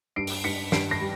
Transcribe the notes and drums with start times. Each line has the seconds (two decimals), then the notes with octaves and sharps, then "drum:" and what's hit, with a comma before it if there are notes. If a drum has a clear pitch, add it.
0.16 G2 C7 D7
0.27 drum: open hi-hat
0.44 G2 B6 C#7
0.72 G2 C7 D7, drum: snare
0.91 A#6 C7
1.00 G3